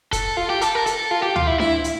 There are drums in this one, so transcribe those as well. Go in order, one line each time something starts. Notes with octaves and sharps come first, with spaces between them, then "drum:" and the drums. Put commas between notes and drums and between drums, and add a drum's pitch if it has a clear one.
A4, drum: kick E1, hi-hat
F4
G4
A4, drum: hi-hat
A#4
A4, drum: hi-hat
F4
G4
F4, drum: tom D2
E4
E4, drum: snare D4
drum: hi-hat